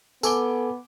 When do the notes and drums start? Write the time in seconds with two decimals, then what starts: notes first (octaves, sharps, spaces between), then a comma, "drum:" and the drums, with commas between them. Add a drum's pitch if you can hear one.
0.23 B3 A4 G#5 D6 G7, drum: tambourine